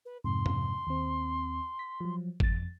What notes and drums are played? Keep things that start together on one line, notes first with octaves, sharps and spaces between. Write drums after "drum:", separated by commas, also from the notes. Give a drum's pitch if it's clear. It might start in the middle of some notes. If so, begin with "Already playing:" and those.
B4
F2 G#2 C3 C6
drum: tom F2
D#2 C4
B6
F3 F#3
F2 A6, drum: kick G1